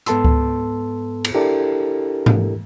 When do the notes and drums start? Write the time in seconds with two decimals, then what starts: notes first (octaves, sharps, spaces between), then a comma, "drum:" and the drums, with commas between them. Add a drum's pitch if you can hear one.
0.06 G#2 B3 A4 A5 C6 E6, drum: hi-hat
0.25 drum: kick C#2
1.25 drum: cymbal
1.35 D4 E4 G4 A4 A#4
2.26 drum: tom G#2